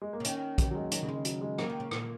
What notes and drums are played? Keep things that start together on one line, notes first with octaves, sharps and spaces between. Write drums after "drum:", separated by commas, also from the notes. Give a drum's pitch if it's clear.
G#3
A#3
C#3
D#3 C#4, drum: hi-hat
drum: kick, hi-hat
F#3
G#3
D#3 F#3, drum: hi-hat
C#3
G#3
D#3
F#3, drum: hi-hat
G#3
F#3 A#3, drum: rim click
D#3
C#3
A#2, drum: rim click